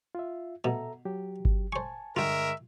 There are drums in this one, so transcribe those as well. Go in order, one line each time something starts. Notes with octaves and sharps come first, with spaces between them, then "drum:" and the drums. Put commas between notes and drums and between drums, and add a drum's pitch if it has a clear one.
F4 E5
B2 A4 E5 A#5
F#3 G4
drum: kick G1
C5 G#5 A5 C#6
G2 D3 G#3 F4 A#4 E5 G5 C#6